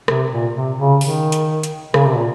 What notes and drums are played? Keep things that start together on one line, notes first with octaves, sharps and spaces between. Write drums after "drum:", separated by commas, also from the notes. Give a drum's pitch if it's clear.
C3, drum: rim click
A#2
C3
C#3
D#3, drum: open hi-hat
drum: hi-hat
drum: hi-hat
C#3, drum: rim click
C3
A#2